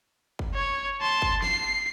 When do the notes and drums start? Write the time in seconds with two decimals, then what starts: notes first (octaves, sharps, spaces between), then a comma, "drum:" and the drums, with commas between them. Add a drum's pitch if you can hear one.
0.39 drum: kick
0.54 C#5
1.01 A5 C6
1.22 drum: kick
1.42 C7, drum: snare